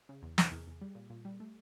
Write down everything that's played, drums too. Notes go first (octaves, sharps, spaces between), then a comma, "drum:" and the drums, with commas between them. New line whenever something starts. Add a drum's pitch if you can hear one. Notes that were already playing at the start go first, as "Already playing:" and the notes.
C#3
E2
C3, drum: snare
E2 G#4
E2
G3
A#2
A#2
G3
A3